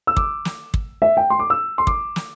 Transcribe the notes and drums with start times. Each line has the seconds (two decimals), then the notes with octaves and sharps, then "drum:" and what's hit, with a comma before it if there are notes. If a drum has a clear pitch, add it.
0.07 E6
0.17 D6, drum: kick
0.45 drum: snare
0.74 drum: kick
1.02 E5
1.17 G5
1.30 C6
1.39 D6
1.50 E6
1.78 C6
1.87 D6, drum: kick
2.16 drum: snare